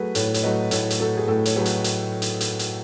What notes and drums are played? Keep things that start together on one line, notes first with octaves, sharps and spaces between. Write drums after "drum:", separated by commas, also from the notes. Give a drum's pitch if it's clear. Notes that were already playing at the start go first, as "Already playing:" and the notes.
Already playing: F#3 A3 G#4 B4
A2 A4 C#5, drum: hi-hat
C#5, drum: hi-hat
F#3 A3 B4 D#5
A2 A4 C#5, drum: hi-hat
drum: hi-hat
F#3 A3 A4
G#4
A2 A4
C#5, drum: hi-hat
F#3 A3 G#4 B4
drum: hi-hat
drum: hi-hat
drum: hi-hat
drum: hi-hat
drum: hi-hat